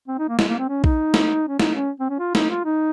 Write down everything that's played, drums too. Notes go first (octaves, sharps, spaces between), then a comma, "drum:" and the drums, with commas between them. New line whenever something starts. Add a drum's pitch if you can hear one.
C4
D#4
A#3
G#3, drum: snare
A#3
C4
C#4
D#4, drum: kick A#1
drum: snare
C#4
D#4, drum: snare
C#4
C4
C#4
F4
D#4, drum: snare
F4
D#4